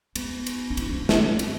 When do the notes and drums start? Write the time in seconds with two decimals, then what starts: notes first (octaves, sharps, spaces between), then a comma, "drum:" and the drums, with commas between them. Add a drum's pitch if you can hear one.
0.16 B3, drum: cymbal
0.47 drum: cymbal
0.70 D4
0.77 E4, drum: cymbal
0.89 E4
0.93 D4
1.09 C4, drum: snare
1.39 B3, drum: cymbal